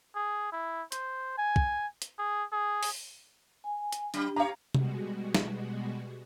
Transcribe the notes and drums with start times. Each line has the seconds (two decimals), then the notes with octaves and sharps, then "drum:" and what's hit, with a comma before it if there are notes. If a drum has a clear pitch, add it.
0.15 G#4
0.52 E4
0.92 C5, drum: hi-hat
1.38 G#5
1.56 drum: kick
2.02 drum: hi-hat
2.18 G#4
2.52 G#4
2.83 drum: open hi-hat
3.64 G#5
3.92 drum: hi-hat
4.14 F#3 D4 G4, drum: hi-hat
4.36 G4 C#5 F5 A#5
4.75 B2 G3 G#3 F#4, drum: tom C3
5.35 drum: snare